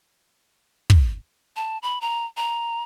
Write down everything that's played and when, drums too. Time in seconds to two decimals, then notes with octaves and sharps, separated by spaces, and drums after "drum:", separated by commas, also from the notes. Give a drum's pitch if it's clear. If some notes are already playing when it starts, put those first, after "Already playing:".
0.90 drum: kick
1.56 A5
1.83 B5
2.01 A#5
2.37 A#5